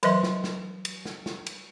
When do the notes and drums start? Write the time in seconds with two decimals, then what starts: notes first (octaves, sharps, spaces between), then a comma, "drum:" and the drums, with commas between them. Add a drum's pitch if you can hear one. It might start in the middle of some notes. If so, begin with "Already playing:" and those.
0.03 E3 F#3 B4 D#5 E5 C6, drum: cymbal
0.23 drum: snare
0.44 drum: snare
0.85 drum: cymbal
1.05 drum: snare
1.26 drum: snare
1.46 drum: cymbal